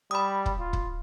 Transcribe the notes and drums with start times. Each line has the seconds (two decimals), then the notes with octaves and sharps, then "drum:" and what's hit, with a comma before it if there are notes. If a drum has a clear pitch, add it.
0.11 G3 B5 D#6
0.46 drum: kick
0.59 F4
0.73 drum: kick